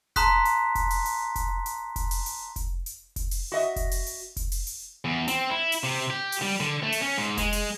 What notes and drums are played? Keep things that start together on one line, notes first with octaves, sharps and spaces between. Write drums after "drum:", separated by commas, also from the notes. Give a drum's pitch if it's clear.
A5 A#5 C6 D#6 F#6 B6, drum: kick F1, hi-hat
drum: hi-hat
drum: kick F1, hi-hat
drum: open hi-hat
drum: hi-hat
drum: kick F1, hi-hat
drum: hi-hat
drum: kick F1, hi-hat
drum: open hi-hat
drum: hi-hat
drum: kick F1, hi-hat
drum: hi-hat
drum: kick F1, hi-hat
drum: open hi-hat
F#4 D#5 E5
drum: kick F1, hi-hat
drum: open hi-hat
drum: hi-hat
drum: kick F1, hi-hat
drum: open hi-hat
drum: hi-hat
E2
C4, drum: hi-hat
E4
drum: open hi-hat
C3
G4
drum: open hi-hat
G3
D3
A3
drum: open hi-hat
C#4
G#2
G#3, drum: kick F1, hi-hat
drum: open hi-hat